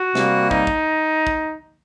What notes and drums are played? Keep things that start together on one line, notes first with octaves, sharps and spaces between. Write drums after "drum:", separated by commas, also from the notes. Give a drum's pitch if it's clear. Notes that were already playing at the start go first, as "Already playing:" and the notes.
Already playing: F#4
C3 G3 A#3, drum: snare
D#4, drum: kick
drum: kick
drum: kick